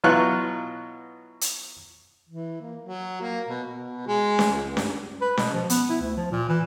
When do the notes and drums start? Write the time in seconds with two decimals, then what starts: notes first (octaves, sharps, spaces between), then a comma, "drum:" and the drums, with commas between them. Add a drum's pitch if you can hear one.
0.04 B2 E3 F#3 F4 C#6 F#6
1.41 drum: hi-hat
2.29 E3
2.61 A#3
2.83 F#3
3.21 A#3
3.47 B2
3.67 B2
4.07 G#3
4.39 drum: snare C#4
4.52 C#2
4.77 G2, drum: snare C#4
5.21 B4
5.37 B2, drum: snare C#4
5.54 F3
5.70 B3, drum: hi-hat
5.89 E4
6.01 D2
6.17 F3
6.31 A#2
6.49 E3